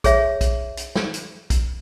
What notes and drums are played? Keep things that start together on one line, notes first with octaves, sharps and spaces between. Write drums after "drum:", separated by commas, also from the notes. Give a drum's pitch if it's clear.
G#4 C#5 E5, drum: kick B1, hi-hat
drum: kick B1, hi-hat
drum: hi-hat
drum: snare
drum: hi-hat
drum: kick B1, hi-hat